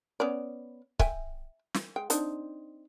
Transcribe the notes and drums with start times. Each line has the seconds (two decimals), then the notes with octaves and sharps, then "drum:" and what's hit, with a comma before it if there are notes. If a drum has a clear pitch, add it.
0.20 B3 C#4 D5
0.99 E5 G5 G#5, drum: kick C#1
1.74 drum: snare
1.96 G#3 G5
2.10 C4 D4 D#4, drum: hi-hat